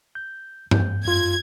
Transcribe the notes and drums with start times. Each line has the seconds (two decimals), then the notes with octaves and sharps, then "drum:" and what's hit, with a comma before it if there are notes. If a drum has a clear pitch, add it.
0.15 G6
0.71 G6, drum: tom G2
1.05 F#2 F4 G#6